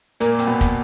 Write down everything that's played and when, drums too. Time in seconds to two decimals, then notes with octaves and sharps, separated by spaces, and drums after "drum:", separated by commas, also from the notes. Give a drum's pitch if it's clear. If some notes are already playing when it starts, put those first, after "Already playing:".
0.20 A#2 A#3, drum: hi-hat
0.39 C4, drum: hi-hat
0.47 B2 B3
0.61 drum: kick, hi-hat